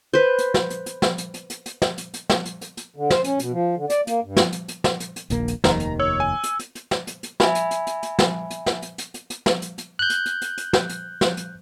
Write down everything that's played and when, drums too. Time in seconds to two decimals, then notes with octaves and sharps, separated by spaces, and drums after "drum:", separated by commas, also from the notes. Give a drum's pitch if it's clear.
0.14 B4 C5
0.38 drum: hi-hat
0.54 drum: snare
0.70 drum: hi-hat
0.86 drum: hi-hat
1.02 drum: snare
1.18 drum: hi-hat
1.34 drum: hi-hat
1.50 drum: hi-hat
1.66 drum: hi-hat
1.82 drum: snare
1.98 drum: hi-hat
2.14 drum: hi-hat
2.30 drum: snare
2.45 drum: hi-hat
2.61 drum: hi-hat
2.77 drum: hi-hat
2.96 D3
3.10 C5, drum: snare
3.24 C#4, drum: hi-hat
3.39 B2, drum: hi-hat
3.52 F3
3.76 D3
3.90 D5, drum: hi-hat
4.07 A#3, drum: hi-hat
4.24 G2
4.36 drum: snare
4.52 drum: hi-hat
4.68 drum: hi-hat
4.84 drum: snare
5.00 drum: hi-hat
5.16 drum: hi-hat
5.30 D#1 A#1 A#3, drum: hi-hat
5.48 drum: hi-hat
5.64 F1 D#2 D#3 A#5, drum: snare
5.80 drum: hi-hat
6.00 C#5 E6
6.20 G#5
6.43 drum: hi-hat
6.59 drum: hi-hat
6.75 drum: hi-hat
6.91 drum: snare
7.07 drum: hi-hat
7.23 drum: hi-hat
7.40 E5 G#5 B5, drum: snare
7.55 drum: hi-hat
7.71 drum: hi-hat
7.87 drum: hi-hat
8.03 drum: hi-hat
8.19 drum: snare
8.50 drum: hi-hat
8.66 drum: snare
8.82 drum: hi-hat
8.98 drum: hi-hat
9.14 drum: hi-hat
9.30 drum: hi-hat
9.46 drum: snare
9.62 drum: hi-hat
9.78 drum: hi-hat
9.99 F#6 G6
10.10 drum: hi-hat
10.26 drum: hi-hat
10.42 drum: hi-hat
10.57 drum: hi-hat
10.73 drum: snare
10.89 drum: hi-hat
11.21 drum: snare
11.37 drum: hi-hat